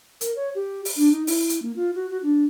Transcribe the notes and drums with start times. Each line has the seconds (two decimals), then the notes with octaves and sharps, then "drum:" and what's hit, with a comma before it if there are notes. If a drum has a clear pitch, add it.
0.21 A#4, drum: hi-hat
0.36 C#5
0.55 G4
0.85 drum: open hi-hat
0.96 D4
1.12 D#4
1.27 E4, drum: open hi-hat
1.49 drum: hi-hat
1.62 A#3
1.76 F4
1.95 F#4
2.10 F#4
2.23 D4